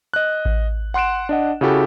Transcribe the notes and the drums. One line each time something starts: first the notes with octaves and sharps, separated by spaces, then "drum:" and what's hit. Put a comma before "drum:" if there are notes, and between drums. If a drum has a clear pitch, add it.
D#5 F#6
drum: kick A1
F#5 C6 F#6 D7 E7
D4 D#5 F#5
C#3 E4 F#4 G4 A4